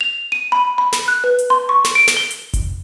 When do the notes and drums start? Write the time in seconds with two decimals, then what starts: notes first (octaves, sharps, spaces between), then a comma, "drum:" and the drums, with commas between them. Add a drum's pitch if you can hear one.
0.01 F7
0.32 D#7
0.52 B5
0.78 B5
0.93 drum: snare
1.08 F#6
1.24 B4
1.39 drum: hi-hat
1.50 C6
1.69 C#6
1.85 drum: snare
1.95 D7
2.08 drum: snare
2.17 G7
2.31 drum: hi-hat
2.54 drum: kick F1, hi-hat